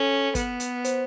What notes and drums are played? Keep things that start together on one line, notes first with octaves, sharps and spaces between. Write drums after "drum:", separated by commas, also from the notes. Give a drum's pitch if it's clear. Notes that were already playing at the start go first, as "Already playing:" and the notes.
Already playing: C#4 A4
B3 B4, drum: kick, hi-hat
drum: hi-hat
C5, drum: hi-hat